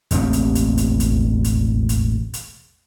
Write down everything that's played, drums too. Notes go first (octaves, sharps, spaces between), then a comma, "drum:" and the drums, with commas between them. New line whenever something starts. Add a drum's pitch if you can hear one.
E1 A1 D#2 C4, drum: hi-hat
drum: hi-hat
drum: hi-hat
drum: hi-hat
drum: kick, hi-hat
drum: hi-hat
drum: hi-hat
drum: hi-hat